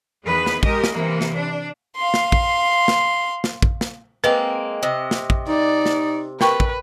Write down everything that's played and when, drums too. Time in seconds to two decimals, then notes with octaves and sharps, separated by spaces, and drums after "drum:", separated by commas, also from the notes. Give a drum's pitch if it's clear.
0.25 E2 D#3 G#4 B4
0.46 drum: snare
0.63 G#3 G4 A#4 D#5, drum: kick
0.84 drum: snare
0.93 C3 E3 A#3
1.21 drum: snare
1.35 D4
1.96 F5 C6
2.14 drum: snare
2.32 drum: kick
2.88 drum: snare
3.44 drum: snare
3.62 drum: kick
3.81 drum: snare
4.24 G#3 A#3 C4 B4
4.82 C3 D#5
5.11 drum: snare
5.30 drum: kick
5.48 D#4 D5
5.86 drum: snare
6.41 A#4 B4 G5 C#6, drum: snare
6.60 drum: kick